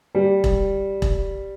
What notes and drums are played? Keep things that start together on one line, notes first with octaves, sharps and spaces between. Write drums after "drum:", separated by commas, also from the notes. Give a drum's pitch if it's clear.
G3
drum: kick E1
drum: kick E1